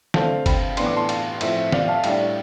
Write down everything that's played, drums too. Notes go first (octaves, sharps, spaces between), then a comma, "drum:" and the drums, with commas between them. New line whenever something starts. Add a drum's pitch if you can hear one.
D3 A3 C4 F5 A5, drum: snare
G5 B5, drum: kick F#1, cymbal
A2 E3 B3 D4 C6, drum: cymbal
D6
A5 C6
F5 A5, drum: cymbal
A2 F3 C4 E5, drum: cymbal
E5
D5 F5, drum: snare
F5 A5
A2 G3 D4 E5 G5, drum: cymbal